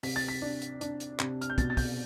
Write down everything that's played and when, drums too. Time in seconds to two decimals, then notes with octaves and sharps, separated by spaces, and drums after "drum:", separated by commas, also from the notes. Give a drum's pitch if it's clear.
0.03 C3 B6, drum: open hi-hat
0.16 A6
0.28 B6
0.42 D4
0.61 drum: hi-hat
0.81 D4, drum: hi-hat
1.00 drum: hi-hat
1.19 C3, drum: clap
1.41 F6, drum: hi-hat
1.50 G6
1.58 B2 A6, drum: kick, hi-hat
1.70 A6
1.77 G6, drum: kick, open hi-hat